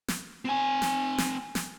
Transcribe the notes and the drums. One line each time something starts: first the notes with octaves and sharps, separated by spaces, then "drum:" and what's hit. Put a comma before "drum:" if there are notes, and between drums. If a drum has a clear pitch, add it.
drum: snare
C4 G#5
drum: snare
drum: snare
drum: snare